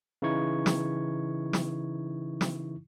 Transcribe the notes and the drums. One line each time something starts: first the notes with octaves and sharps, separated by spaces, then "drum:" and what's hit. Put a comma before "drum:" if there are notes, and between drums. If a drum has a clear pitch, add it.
C#3 E3 D#4 E4 C#6 G#6
drum: snare
drum: snare
drum: snare